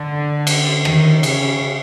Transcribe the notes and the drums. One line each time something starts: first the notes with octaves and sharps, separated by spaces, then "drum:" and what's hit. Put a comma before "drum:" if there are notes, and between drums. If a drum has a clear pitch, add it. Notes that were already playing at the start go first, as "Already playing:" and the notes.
Already playing: D3
drum: cymbal
D#3, drum: rim click
C#3, drum: cymbal